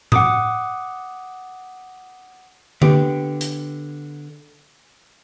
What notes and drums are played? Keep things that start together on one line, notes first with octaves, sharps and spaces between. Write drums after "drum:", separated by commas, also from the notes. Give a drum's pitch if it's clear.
F#5 D6 D#6, drum: tom A2
D3 B3 G4, drum: tom D3
drum: hi-hat